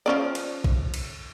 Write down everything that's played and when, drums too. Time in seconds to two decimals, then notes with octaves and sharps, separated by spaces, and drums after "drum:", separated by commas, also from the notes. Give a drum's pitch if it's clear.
0.06 F3 C#4 D5
0.35 drum: cymbal
0.64 drum: kick A#1
0.94 drum: cymbal